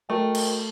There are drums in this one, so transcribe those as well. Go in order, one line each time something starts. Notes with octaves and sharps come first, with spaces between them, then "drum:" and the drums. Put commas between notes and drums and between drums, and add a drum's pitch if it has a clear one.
A3 F#4 A#4 D#5 G5
drum: cymbal